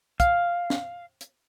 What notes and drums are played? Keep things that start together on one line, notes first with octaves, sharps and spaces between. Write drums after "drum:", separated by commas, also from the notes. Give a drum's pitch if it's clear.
F5, drum: kick, hi-hat
drum: snare
drum: hi-hat